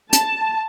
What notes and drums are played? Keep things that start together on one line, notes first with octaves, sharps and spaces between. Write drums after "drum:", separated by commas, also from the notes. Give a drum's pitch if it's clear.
A5, drum: hi-hat